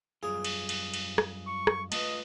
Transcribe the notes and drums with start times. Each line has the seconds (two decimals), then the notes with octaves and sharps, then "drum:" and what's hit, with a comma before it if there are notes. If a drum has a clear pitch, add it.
0.23 F#2 G3 F4 G#4
0.44 drum: cymbal
0.69 drum: cymbal
0.94 drum: cymbal
1.18 drum: rim click
1.47 C#6
1.67 drum: rim click
1.92 A3 F4 B4 D#5 A5, drum: cymbal